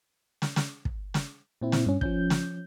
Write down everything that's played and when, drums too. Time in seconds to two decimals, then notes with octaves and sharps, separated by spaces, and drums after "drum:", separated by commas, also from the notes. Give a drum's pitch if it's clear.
0.42 drum: snare
0.56 drum: snare
0.85 drum: kick
1.14 drum: snare
1.61 A#2 C4 E4
1.72 drum: snare
1.86 G2 C#4
2.01 F3 C#4 G6, drum: kick
2.30 drum: snare